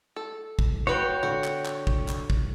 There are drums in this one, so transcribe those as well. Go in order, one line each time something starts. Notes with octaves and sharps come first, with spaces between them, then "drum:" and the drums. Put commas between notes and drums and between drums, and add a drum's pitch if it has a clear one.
A4
drum: kick
F#4 B4 C#5 G5
D3 F#4
drum: clap
drum: clap
drum: kick
drum: clap
drum: kick